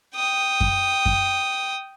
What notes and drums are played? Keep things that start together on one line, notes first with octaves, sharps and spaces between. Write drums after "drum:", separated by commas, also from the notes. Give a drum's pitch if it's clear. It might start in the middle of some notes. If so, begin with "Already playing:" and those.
G5 D#6
drum: kick F#2
drum: kick F#2